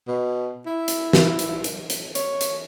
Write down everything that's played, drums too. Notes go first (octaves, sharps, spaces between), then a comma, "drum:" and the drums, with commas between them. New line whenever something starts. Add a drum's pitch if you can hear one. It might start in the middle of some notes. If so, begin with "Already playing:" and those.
B2
E4
drum: hi-hat
drum: snare
drum: hi-hat
drum: hi-hat
drum: hi-hat
C#5, drum: hi-hat
drum: hi-hat